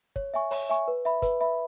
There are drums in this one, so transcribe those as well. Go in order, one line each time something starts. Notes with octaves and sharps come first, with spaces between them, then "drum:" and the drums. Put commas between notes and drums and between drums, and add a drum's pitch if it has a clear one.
C#5, drum: kick
E5 G#5 C#6
C#5, drum: open hi-hat
E5 G#5 C#6
B4
E5 B5
B4, drum: kick, hi-hat
E5 B5